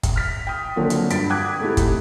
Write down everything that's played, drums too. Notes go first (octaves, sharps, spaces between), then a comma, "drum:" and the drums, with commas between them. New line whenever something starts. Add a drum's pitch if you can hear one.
drum: kick, hi-hat
F6 A6 B6
G5 D#6
D3 F3 F#3 A#3 C4
drum: hi-hat
G2 A6 B6 D7, drum: hi-hat
F#5 G5 D6 D#6 F#6 G#6
G#3 A3 C4 D#4 E4 G4
drum: kick, hi-hat